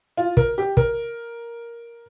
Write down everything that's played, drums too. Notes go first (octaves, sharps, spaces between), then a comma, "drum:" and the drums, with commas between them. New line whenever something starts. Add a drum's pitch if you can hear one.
F4
A#4, drum: kick
G4
A#4, drum: kick